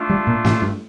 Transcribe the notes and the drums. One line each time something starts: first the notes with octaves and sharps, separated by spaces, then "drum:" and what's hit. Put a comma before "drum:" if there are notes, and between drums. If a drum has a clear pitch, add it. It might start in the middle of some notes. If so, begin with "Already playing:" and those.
Already playing: A3 D4 F4
G3
A#2
A2, drum: snare
G2